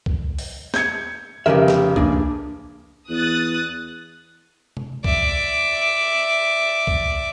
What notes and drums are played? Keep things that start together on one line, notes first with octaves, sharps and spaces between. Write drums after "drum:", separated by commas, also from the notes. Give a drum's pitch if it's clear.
drum: kick C2
drum: open hi-hat
G6 G#6 C#7, drum: snare
F1 C#3 G4 A#4 B4 E5
drum: snare
A#3 D4 G#4, drum: kick C2
E2 D#6 F#6 A6
drum: tom C3
D5 E5, drum: kick C2
drum: kick C2